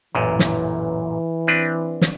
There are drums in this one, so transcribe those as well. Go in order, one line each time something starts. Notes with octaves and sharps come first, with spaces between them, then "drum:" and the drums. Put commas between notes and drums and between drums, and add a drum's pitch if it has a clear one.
A1 F#2 A#2 E3
drum: snare
C4 D4 B4
drum: snare